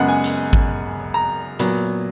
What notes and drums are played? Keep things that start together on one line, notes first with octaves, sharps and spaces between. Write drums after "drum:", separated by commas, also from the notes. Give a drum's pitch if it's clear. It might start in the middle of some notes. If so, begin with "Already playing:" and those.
Already playing: F#2 C#3 G#3 B3 F#5
G#5
drum: hi-hat
drum: kick G#1
A#5
A#2 F#3 B3, drum: hi-hat